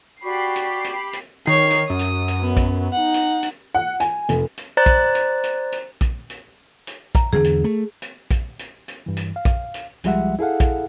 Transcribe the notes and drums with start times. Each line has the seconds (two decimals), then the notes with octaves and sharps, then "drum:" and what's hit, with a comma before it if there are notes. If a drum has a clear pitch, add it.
0.22 F#4 G4 D5 B5 C#6 C7
0.56 drum: hi-hat
0.84 drum: hi-hat
1.13 drum: hi-hat
1.47 D#3 C#5 C7
1.71 drum: hi-hat
1.90 F#2 D#6
1.99 drum: hi-hat
2.28 drum: hi-hat
2.41 B3
2.57 drum: kick A#1, hi-hat
2.93 D#4 F#5
3.14 drum: hi-hat
3.43 drum: hi-hat
3.75 F#5
4.00 G#5, drum: hi-hat
4.29 F1, drum: hi-hat
4.57 drum: hi-hat
4.77 C5 D5 A#5 F#6 A6
4.86 drum: kick A#1, hi-hat
5.15 drum: hi-hat
5.44 drum: hi-hat
5.72 drum: hi-hat
6.01 drum: kick A#1, hi-hat
6.30 drum: hi-hat
6.87 drum: hi-hat
7.15 A#5, drum: kick A#1, hi-hat
7.33 E2 D3 G#4
7.44 drum: hi-hat
7.64 A3
8.02 drum: hi-hat
8.31 drum: kick A#1, hi-hat
8.59 drum: hi-hat
8.88 drum: hi-hat
9.06 G2 E3
9.17 drum: hi-hat
9.36 F5
9.45 drum: kick A#1, hi-hat
9.74 drum: hi-hat
10.04 C2 F3 G3 G#3 E5 F#5, drum: hi-hat
10.39 E4 G#4 A4 F5 F#5
10.60 drum: kick A#1, hi-hat